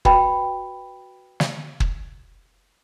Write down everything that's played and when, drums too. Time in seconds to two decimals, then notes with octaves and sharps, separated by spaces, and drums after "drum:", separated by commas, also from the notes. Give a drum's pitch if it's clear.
0.05 F#4 B4 G5 B5, drum: kick
1.40 drum: snare
1.80 drum: kick